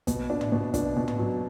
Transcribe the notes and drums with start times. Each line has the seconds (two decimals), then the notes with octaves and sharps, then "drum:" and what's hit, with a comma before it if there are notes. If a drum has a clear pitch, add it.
0.07 B2, drum: kick, hi-hat
0.30 D4
0.41 drum: tom
0.52 B2
0.74 D4, drum: kick, hi-hat
0.96 B2
1.08 drum: tom
1.18 F#3